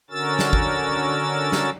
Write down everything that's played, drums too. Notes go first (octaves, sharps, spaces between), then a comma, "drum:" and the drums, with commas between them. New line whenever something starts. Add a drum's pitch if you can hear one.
D3 C#4 F#4 A#4 E6 A6
drum: snare
drum: kick
drum: snare